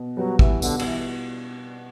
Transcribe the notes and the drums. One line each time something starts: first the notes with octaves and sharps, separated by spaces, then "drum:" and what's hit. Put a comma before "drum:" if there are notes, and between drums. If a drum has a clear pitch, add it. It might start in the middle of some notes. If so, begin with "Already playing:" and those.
Already playing: B2
F#3 G3 B3 F#4
E3, drum: kick
B2 D3, drum: tambourine
D3, drum: cymbal
E3